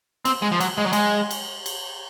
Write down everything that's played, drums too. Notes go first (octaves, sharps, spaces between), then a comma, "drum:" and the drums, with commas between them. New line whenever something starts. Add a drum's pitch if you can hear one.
C4, drum: cymbal
G#3
F3
F#3, drum: cymbal
G#3
F#3
G#3, drum: cymbal
drum: cymbal
drum: cymbal